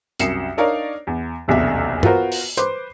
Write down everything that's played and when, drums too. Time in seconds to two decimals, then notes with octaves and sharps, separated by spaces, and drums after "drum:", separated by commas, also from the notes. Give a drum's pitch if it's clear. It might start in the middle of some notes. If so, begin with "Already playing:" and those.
0.20 C2 F#2 C7 C#7 E7, drum: hi-hat
0.57 D4 D#4 A#4 C#5 D5 F5
1.07 E2
1.48 D#1 B1 E2 C3 D4 E5
2.03 B3 F4 F#4 A#4 C5, drum: tom G2
2.32 drum: open hi-hat
2.57 B4 C5 C6 D6, drum: hi-hat